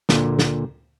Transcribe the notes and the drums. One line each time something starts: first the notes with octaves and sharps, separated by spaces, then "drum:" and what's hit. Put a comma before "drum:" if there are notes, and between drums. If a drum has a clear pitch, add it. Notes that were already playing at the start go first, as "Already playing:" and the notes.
A#2 D3, drum: snare
drum: snare